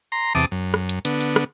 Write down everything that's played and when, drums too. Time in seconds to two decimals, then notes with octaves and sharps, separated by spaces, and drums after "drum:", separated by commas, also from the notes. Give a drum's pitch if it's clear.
0.12 A#5 C6
0.35 E2 C3 A5 D6 D#6
0.52 F#2
0.74 drum: rim click
0.89 drum: hi-hat
1.05 D3 B3, drum: hi-hat
1.21 drum: hi-hat
1.36 drum: rim click